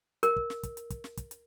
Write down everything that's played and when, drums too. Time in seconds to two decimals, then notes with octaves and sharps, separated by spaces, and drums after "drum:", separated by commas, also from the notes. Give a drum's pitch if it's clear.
0.23 A#4, drum: hi-hat
0.36 drum: kick
0.50 drum: snare
0.63 drum: kick, hi-hat
0.77 drum: hi-hat
0.90 drum: kick, hi-hat
1.04 drum: snare
1.17 drum: kick, hi-hat
1.31 drum: hi-hat